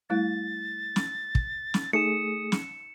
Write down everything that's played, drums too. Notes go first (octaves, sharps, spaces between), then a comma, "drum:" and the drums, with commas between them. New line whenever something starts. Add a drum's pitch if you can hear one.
G3 A3 E4 A6
drum: snare
drum: kick
drum: snare
A3 D#4 G#4 D#6 C#7 E7
drum: snare